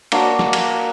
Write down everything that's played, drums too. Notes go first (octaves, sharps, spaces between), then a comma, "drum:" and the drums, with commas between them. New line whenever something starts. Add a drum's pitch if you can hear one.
A#3 D4 F#4 C#5, drum: cymbal
drum: snare
drum: cymbal